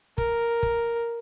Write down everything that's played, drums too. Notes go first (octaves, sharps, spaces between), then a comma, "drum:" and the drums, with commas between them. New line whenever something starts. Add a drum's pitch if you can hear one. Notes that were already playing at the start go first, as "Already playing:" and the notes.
A#4, drum: kick
drum: kick